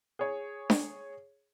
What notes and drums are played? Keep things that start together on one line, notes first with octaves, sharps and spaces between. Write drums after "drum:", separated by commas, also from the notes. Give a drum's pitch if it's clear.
G#4 C#5
drum: snare D4